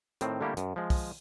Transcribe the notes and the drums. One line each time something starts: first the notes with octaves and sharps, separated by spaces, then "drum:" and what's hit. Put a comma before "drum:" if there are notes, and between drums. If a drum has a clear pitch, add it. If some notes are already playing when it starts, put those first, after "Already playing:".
A2 D#3 C4, drum: hi-hat
D3 G3 A3 A#3 E4 G4
F#2, drum: hi-hat
F3 G#3
drum: kick, open hi-hat